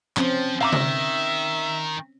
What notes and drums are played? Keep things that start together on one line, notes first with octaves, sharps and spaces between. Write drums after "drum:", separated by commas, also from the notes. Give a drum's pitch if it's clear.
F3 C4 C#4, drum: clap
D#3 E5 F5 A#5 D6
drum: tom C3